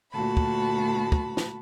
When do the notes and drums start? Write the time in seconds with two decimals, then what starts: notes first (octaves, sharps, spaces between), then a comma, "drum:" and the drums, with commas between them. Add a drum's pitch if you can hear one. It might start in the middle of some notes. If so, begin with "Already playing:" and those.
0.12 D2 A#2 F#4 A5 B5
0.37 drum: kick
1.12 drum: kick
1.37 drum: snare